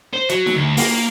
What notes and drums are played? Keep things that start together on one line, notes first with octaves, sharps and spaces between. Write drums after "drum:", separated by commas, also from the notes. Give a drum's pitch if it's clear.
C5
F#3, drum: hi-hat
drum: snare D#4
D2
A#3, drum: open hi-hat